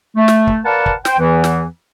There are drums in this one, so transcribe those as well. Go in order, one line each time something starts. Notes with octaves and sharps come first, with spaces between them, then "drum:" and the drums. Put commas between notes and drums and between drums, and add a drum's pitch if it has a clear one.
A3
drum: snare
drum: kick
A#4 B4 D5 F5 F#5 A5
drum: kick
C5 G5, drum: snare
E2 E3
drum: snare